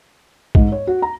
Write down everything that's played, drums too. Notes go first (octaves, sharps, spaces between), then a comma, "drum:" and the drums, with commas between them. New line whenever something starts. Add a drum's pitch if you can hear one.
G#2, drum: kick A#1
C#5
F#4
A#5